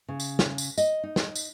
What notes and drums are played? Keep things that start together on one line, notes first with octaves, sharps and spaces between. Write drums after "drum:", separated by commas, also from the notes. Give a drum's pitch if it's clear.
C#3
drum: tambourine
drum: snare
drum: tambourine
D#5, drum: tambourine
D#4
drum: snare
drum: tambourine